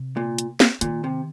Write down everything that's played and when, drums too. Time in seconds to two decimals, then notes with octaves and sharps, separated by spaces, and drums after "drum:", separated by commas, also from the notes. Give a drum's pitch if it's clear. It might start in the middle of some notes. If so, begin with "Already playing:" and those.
Already playing: C3
0.17 A#2
0.38 drum: hi-hat
0.60 drum: snare
0.81 A#2 D#3, drum: hi-hat
1.04 C3